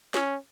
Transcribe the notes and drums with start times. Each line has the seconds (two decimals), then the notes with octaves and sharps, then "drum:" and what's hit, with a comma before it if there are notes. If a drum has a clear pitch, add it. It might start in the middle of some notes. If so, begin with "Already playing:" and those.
0.14 C#4, drum: snare